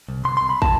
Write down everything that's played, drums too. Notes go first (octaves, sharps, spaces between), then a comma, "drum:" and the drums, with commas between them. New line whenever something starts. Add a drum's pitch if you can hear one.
C2
C3 C6
C2 C6
B5
A5, drum: kick